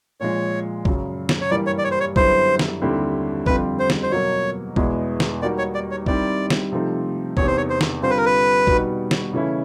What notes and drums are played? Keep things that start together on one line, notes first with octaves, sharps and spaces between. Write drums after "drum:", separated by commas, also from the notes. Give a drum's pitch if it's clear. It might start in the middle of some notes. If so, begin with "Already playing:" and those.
A#2 F3 G#3 C#5
F#2 C#3 F#3, drum: kick
drum: snare
C#5
G2 E3 G3 A#3 D5
C#5
D5
C#5
C5
C#5
F#2 D3 G3 B3 E4 C5, drum: kick
drum: snare
D#2 D3 G3 C4 E4
F2 D3 G3 C4 F4 B4, drum: kick
C5
drum: snare
C5
B2 F#3 A#3 C#5
E2 B2 G#3 B3 E4, drum: kick
drum: snare
D#3 G3 A#3 D#4 F#4 D5
C#5
D5
C#5
D#3 G3 C4 E4 D5, drum: kick
drum: snare
C3 F3 A3 C4 D#4
E2 C3 D#3 C#5, drum: kick
C5
C#5
C5
drum: snare
D3 G3 C4 F4 C5
B4
A#4
B4
B2 G3 B3 D#4 F#4, drum: kick
drum: snare
C#3 E3 A3 C#4 E4